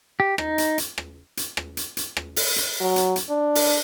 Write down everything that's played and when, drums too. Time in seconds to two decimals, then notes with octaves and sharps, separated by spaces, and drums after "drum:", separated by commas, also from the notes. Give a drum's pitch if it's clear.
0.20 G4
0.38 D#4, drum: rim click
0.58 drum: hi-hat
0.78 drum: hi-hat
0.98 drum: rim click
1.37 drum: hi-hat
1.57 drum: rim click
1.77 drum: hi-hat
1.97 drum: hi-hat
2.17 drum: rim click
2.36 drum: open hi-hat
2.56 drum: hi-hat
2.81 F#3
2.96 drum: hi-hat
3.16 drum: hi-hat
3.30 D4
3.55 drum: open hi-hat